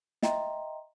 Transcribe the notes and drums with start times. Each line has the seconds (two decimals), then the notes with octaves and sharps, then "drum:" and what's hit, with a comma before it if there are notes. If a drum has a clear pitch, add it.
0.23 D#5 E5 G5 A#5 C6, drum: snare